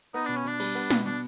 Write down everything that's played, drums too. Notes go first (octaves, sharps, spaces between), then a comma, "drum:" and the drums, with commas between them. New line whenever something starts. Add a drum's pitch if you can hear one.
B3 D#4
B2 D4
C#4
B2 D4
G3, drum: cymbal
B3
B2, drum: snare
B2 D4